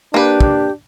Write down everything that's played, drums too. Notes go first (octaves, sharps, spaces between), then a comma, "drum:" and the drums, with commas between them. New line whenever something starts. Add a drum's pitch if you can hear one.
A#3 D4 G4 B4
drum: kick